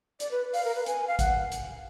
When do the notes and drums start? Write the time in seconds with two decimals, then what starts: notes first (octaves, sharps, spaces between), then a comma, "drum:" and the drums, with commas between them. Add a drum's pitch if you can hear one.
0.20 D5, drum: hi-hat
0.31 B4
0.54 F5, drum: open hi-hat
0.65 A#4
0.75 B4
0.86 G#5, drum: hi-hat
1.08 F5
1.19 F#5, drum: kick A1, hi-hat
1.52 drum: hi-hat